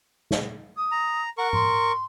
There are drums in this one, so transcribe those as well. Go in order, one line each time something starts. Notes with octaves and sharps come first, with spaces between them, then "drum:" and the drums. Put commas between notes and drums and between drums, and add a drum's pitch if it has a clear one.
drum: snare
D#6
A#5
A#4 F#5 C#6
C6, drum: tom